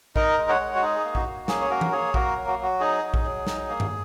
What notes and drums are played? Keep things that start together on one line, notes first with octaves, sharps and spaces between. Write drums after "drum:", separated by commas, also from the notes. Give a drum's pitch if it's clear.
D#4 A#4 D#5, drum: kick A#1
G#3
C#5 F#5
G#3
F#4
D#4 G#4
A#3
F#4, drum: kick A#1
A#3
C#4 G#4, drum: snare
C#5
A#3 F#4 A#4
drum: tom E3
A#3 G#4 C#5
A#3 F#4 A#4, drum: kick A#1
F#3
F#4
F#3 F#4
D#4 G#4
F#3
drum: kick A#1
F#3
D#4, drum: snare
A#3
drum: tom G2